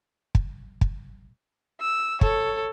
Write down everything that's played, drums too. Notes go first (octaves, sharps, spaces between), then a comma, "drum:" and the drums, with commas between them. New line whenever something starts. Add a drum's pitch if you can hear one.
drum: kick
drum: kick
E6
A4 C#5, drum: kick